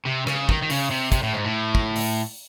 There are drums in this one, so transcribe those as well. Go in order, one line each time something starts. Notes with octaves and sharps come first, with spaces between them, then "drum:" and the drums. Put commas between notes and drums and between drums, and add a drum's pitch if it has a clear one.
C3
C#3, drum: rim click
D#3, drum: kick
D#3
C#3, drum: open hi-hat
C3
C3, drum: kick, hi-hat
A2
G#2
A2
drum: kick
drum: open hi-hat